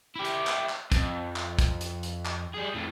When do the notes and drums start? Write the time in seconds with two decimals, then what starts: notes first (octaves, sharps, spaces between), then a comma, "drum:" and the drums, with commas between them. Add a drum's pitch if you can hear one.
0.16 E4 G4
0.25 drum: hi-hat
0.47 drum: clap
0.69 drum: clap
0.92 F2, drum: kick, hi-hat
1.36 drum: clap
1.59 drum: kick, hi-hat
1.81 drum: hi-hat
2.03 drum: hi-hat
2.25 drum: clap
2.54 G3 G#4
2.74 F2 A2